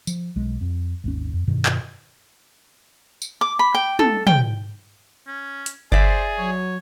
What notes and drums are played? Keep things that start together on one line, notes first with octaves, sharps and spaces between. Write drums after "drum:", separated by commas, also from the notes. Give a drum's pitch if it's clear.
F3, drum: tambourine
B1 G#3
F2
G#1 D#2 C#4
F2
G2 B2 D#3
drum: clap
drum: tambourine
D6
B5
G5
A4, drum: tom
G5, drum: tom
C#4
drum: hi-hat
G#4 C5 D5 E5, drum: kick G1
F#3 C#5